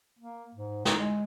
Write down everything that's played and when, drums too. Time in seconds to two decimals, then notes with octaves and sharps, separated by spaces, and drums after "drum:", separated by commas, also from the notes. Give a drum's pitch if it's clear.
0.19 A#3
0.54 G#2
0.85 D#4, drum: snare
0.98 G#3